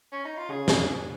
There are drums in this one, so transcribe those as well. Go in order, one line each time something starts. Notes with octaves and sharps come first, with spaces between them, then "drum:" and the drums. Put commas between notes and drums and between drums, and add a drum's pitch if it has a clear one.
C#4
D#4
F4
C#3 G#4
drum: snare